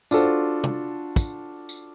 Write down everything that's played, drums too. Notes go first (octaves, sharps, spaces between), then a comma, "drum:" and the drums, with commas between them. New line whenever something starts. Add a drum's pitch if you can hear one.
D4 F4 F#4 A4 C5, drum: tambourine
drum: tom
drum: kick, tambourine
drum: tambourine